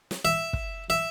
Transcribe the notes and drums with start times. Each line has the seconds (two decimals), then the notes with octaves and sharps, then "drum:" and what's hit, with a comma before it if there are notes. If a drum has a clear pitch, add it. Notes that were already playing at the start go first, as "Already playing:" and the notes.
0.11 drum: snare
0.25 E5
0.53 drum: kick
0.90 E5